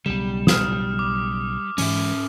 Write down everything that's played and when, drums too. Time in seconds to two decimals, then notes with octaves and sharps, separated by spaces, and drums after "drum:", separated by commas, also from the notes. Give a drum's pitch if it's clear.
0.06 B1 C#3 G3 E7
0.47 D#6 F6, drum: snare
0.99 D6
1.78 G#2 E3 G#3 C#4 E5, drum: open hi-hat